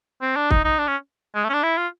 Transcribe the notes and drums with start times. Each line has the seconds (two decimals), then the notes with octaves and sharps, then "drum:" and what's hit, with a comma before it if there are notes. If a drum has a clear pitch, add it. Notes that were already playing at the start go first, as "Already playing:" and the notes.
0.22 C4
0.36 D4
0.51 D#4, drum: kick
0.65 D#4
0.79 D4
0.88 C#4
1.35 G#3
1.44 A3
1.49 C#4
1.53 D4
1.63 E4
1.78 F4